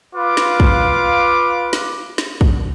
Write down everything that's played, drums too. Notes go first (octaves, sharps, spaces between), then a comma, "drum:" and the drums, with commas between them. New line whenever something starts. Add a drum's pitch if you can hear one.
F4 B4 F5 D6
drum: snare
drum: kick
drum: snare
drum: snare
drum: kick